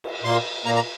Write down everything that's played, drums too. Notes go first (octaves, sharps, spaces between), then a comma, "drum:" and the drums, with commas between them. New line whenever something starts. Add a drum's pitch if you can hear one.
drum: cymbal
A#2 A#3 C6
A#2 A#3 A#5
A#5